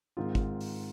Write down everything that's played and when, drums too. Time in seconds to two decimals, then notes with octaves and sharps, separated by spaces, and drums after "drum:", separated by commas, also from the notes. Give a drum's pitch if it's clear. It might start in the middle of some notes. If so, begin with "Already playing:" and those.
0.17 G#2 D#3 G#3 C4 F4
0.35 drum: kick
0.61 drum: open hi-hat